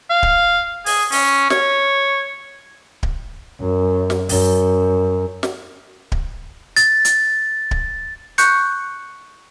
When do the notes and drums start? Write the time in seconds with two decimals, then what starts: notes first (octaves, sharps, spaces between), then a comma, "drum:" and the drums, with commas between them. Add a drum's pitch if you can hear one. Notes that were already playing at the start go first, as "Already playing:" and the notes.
0.10 F5
0.23 drum: kick D1
0.86 G#4, drum: open hi-hat
1.12 C#4, drum: open hi-hat
1.50 C#5, drum: snare
3.03 drum: kick D1
3.60 F#2
4.10 drum: snare
4.29 F#2, drum: open hi-hat
5.43 drum: snare
6.12 drum: kick D1
6.77 A6, drum: hi-hat
7.05 drum: hi-hat
7.71 drum: kick D1
8.38 C#6 F#6 G6 C#7, drum: hi-hat